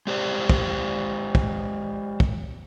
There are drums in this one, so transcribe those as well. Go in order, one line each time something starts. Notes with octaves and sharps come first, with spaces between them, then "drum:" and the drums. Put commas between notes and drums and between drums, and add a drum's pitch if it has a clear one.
G#3 G4 C5 D5
drum: kick
drum: kick
drum: kick